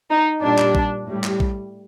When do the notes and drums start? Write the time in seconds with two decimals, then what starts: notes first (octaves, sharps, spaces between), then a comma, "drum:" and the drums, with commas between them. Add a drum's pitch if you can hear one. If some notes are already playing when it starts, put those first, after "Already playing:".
0.10 D#4
0.42 A#2 G3 D4
0.58 drum: clap
0.75 drum: kick A#1
1.07 A2 G3
1.24 drum: clap
1.40 drum: kick A#1